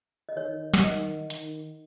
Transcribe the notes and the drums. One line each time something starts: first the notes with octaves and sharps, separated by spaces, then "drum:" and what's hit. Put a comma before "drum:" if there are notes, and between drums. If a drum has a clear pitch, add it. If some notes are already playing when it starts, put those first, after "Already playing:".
D#5
D#3 C#5
F#5, drum: snare
D#3 D#5
D#3, drum: hi-hat